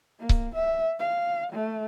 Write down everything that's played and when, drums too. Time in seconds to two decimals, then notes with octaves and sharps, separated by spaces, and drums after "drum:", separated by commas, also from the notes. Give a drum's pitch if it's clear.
0.19 A#3
0.29 drum: kick C#1
0.55 E5
0.99 F5
1.52 A3